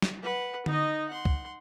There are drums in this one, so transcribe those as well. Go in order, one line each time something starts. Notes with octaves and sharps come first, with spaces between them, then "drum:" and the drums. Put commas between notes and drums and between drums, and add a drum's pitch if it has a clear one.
drum: snare
B4 F#5
D#4 D#5, drum: tom D3
F#5 C6
drum: kick